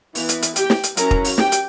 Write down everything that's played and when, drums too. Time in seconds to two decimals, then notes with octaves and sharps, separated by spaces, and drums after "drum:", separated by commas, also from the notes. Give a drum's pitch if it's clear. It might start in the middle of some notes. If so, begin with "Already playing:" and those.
0.15 E3 B3 E4, drum: open hi-hat
0.29 drum: hi-hat
0.42 drum: hi-hat
0.56 G4 G5, drum: hi-hat
0.70 drum: snare
0.83 drum: hi-hat
0.97 F#3 C#4 E4 A#4 A#5, drum: hi-hat
1.11 drum: kick
1.24 drum: open hi-hat
1.38 G4 G5, drum: snare
1.52 drum: hi-hat